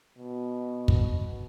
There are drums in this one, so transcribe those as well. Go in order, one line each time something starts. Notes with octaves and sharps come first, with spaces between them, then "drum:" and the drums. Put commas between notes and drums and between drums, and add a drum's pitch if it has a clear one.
B2
drum: kick